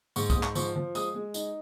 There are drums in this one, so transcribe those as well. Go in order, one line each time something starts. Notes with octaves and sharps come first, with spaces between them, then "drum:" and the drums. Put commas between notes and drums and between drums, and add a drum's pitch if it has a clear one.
G#2 C#6, drum: tambourine
D#6, drum: kick C2, tambourine
G#2
C#6, drum: clap
F3 C#6, drum: tambourine
F3
G#3 D#6, drum: tambourine
G#3
D#4, drum: tambourine